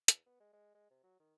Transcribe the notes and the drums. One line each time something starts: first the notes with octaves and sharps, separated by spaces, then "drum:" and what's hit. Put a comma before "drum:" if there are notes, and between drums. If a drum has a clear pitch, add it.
E2, drum: hi-hat
B3
G#3
G#3
G#3
C3
F#3
D#3